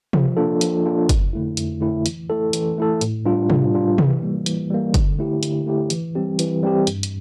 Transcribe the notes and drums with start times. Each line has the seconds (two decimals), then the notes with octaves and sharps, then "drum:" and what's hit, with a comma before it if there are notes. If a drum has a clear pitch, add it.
0.13 F3, drum: tom C3
0.37 A#3 D4 F4 A4
0.61 F3, drum: hi-hat
0.85 A#3 D4 F4 A4
1.09 F2, drum: kick, hi-hat
1.33 D3 A3 E4
1.57 F2, drum: hi-hat
1.81 D3 A3 E4
2.06 E3, drum: hi-hat
2.30 A3 E4 A4
2.53 E3, drum: hi-hat
2.78 A3 E4 A4
3.01 A2, drum: hi-hat
3.26 G3 D4 F4
3.50 A2, drum: tom C3
3.74 G3 D4 F4
3.98 E3, drum: tom C3
4.23 G3 A#3
4.46 E3, drum: hi-hat
4.70 G3 A#3
4.94 D3, drum: kick, hi-hat
5.19 A3 E4 G4
5.43 D3, drum: hi-hat
5.66 A3 E4 G4
5.90 E3, drum: hi-hat
6.15 G3 C4 G4
6.39 E3, drum: hi-hat
6.63 G3 C4 G4
6.87 G2, drum: hi-hat
7.03 drum: hi-hat